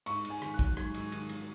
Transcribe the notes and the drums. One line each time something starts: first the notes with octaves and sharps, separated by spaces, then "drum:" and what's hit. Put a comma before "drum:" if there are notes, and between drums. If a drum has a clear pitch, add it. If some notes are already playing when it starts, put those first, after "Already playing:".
G#2 C#6, drum: cymbal
G#2, drum: cymbal
G#5
D#3, drum: rim click
F#6
F#3, drum: kick
G#2 G#6, drum: rim click
G#2, drum: cymbal
D#3, drum: cymbal
F#3, drum: cymbal